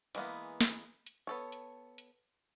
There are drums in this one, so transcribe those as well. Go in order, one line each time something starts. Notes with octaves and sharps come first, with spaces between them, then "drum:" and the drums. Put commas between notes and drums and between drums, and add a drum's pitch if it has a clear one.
E3 G#3 A#3 B3, drum: hi-hat
drum: snare
drum: hi-hat
B3 A4 C#5
drum: hi-hat
drum: hi-hat